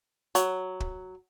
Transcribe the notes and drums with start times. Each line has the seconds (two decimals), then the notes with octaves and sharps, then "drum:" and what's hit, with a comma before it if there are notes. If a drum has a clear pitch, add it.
0.35 F#3, drum: hi-hat
0.80 drum: kick